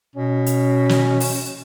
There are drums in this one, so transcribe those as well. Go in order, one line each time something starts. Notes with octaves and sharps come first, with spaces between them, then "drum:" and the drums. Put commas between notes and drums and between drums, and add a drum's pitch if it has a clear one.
B2 C#4
drum: hi-hat
drum: snare
drum: open hi-hat